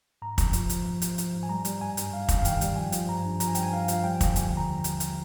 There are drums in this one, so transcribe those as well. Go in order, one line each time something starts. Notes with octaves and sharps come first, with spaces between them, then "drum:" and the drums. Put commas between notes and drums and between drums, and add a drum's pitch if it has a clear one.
G#2 A#5
F3, drum: kick, hi-hat
F3, drum: hi-hat
F3, drum: hi-hat
F3
F3, drum: hi-hat
F3, drum: hi-hat
G#2
G#5
G3 A#5
G3, drum: hi-hat
G2 G#5
G2, drum: hi-hat
G3 F5
G2, drum: kick, hi-hat
F5
D#3 G5, drum: hi-hat
G3, drum: hi-hat
F3 G#5
F3, drum: hi-hat
G2 A#5
G2
F3 A#5, drum: hi-hat
G#5
G2 G5, drum: hi-hat
G#5
G2 F5
F3 F5, drum: hi-hat
G3 G5
D3, drum: kick, hi-hat
D#2 G#5, drum: hi-hat
A#5
drum: hi-hat
drum: hi-hat